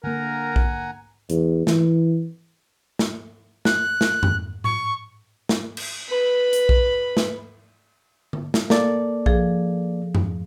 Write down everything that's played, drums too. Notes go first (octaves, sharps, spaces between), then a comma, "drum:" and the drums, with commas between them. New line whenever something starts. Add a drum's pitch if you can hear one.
D3 A#3 A#4 F#5 G#5 A#5
drum: kick A#1
E2, drum: hi-hat
E3, drum: snare
drum: snare
F#6, drum: snare
drum: snare
drum: tom F2
C#6, drum: tom A2
drum: snare
drum: cymbal
B4 B5
drum: hi-hat
drum: kick A#1
drum: snare
drum: tom D3
drum: snare
A#3 A4 D5, drum: snare
F3 G#4, drum: kick A#1
drum: tom F2